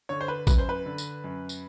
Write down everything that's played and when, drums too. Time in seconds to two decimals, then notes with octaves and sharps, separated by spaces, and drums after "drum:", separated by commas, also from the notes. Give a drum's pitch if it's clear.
0.09 D3 C#5
0.21 C5
0.28 B4
0.47 F#2 B4, drum: kick, tambourine
0.58 C5
0.69 B4
0.86 D3
0.98 drum: tambourine
1.24 F#2
1.49 drum: tambourine